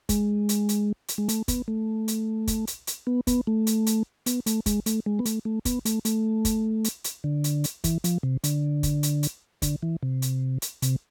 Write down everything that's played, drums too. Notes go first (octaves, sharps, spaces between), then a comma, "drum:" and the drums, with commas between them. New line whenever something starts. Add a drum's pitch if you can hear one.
G#3, drum: kick, hi-hat
drum: hi-hat
drum: hi-hat
drum: hi-hat
G#3
A3, drum: hi-hat
B3, drum: kick, hi-hat
A3
drum: hi-hat
drum: kick, hi-hat
drum: hi-hat
drum: hi-hat
B3
B3, drum: kick, hi-hat
A3
drum: hi-hat
drum: hi-hat
B3, drum: hi-hat
A3, drum: hi-hat
G#3, drum: kick, hi-hat
A3, drum: hi-hat
G#3
B3
A3, drum: hi-hat
A3
B3, drum: kick, hi-hat
A3, drum: hi-hat
A3, drum: hi-hat
drum: kick, hi-hat
drum: hi-hat
drum: hi-hat
D3
drum: hi-hat
drum: hi-hat
E3, drum: kick, hi-hat
F3, drum: hi-hat
C3
D3, drum: hi-hat
drum: kick, hi-hat
drum: hi-hat
drum: hi-hat
D3, drum: kick, hi-hat
E3
C3
drum: hi-hat
drum: hi-hat
C3, drum: hi-hat